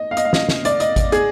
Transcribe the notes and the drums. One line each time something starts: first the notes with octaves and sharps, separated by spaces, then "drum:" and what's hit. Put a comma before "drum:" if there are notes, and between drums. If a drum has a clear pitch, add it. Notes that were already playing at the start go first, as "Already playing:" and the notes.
Already playing: D#5
F5
D#5, drum: hi-hat
F5
D#5, drum: snare
drum: snare
D5, drum: hi-hat
D#5, drum: hi-hat
drum: kick G#1, hi-hat
G#4, drum: hi-hat